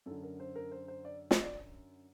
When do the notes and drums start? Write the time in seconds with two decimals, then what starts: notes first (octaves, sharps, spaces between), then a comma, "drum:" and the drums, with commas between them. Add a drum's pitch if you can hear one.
0.06 F#2 D3 A4
0.23 A#4
0.40 C5
0.56 A#4
0.71 C5
0.88 C5
1.05 D5
1.31 D#5, drum: snare
1.42 D5